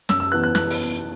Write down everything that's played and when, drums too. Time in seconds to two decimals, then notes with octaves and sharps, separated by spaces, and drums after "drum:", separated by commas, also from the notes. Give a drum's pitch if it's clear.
0.09 F#2 E6, drum: snare
0.20 E6
0.32 E3 B3 F#6
0.43 F#6
0.55 F#6, drum: snare
0.70 drum: open hi-hat